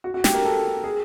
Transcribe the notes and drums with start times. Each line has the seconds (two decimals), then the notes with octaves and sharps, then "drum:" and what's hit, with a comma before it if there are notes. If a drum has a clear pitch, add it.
0.04 F#4
0.14 F#4
0.24 G4, drum: snare
0.34 A#4
0.45 A4
0.84 G#4